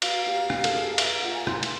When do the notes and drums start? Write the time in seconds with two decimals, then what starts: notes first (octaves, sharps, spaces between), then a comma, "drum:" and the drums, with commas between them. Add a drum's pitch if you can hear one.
0.02 F#4 F5, drum: cymbal
0.26 G4
0.50 G4, drum: rim click
0.64 A4, drum: cymbal
0.75 G#4
0.98 E5, drum: cymbal
1.11 F5
1.23 F4 F#5
1.34 G#5
1.47 E4 C6, drum: rim click
1.63 drum: cymbal